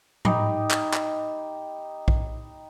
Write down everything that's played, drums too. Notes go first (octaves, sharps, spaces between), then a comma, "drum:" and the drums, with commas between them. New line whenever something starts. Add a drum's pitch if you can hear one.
D#4 G4 B5, drum: tom G#2
drum: clap
drum: clap
drum: kick A#1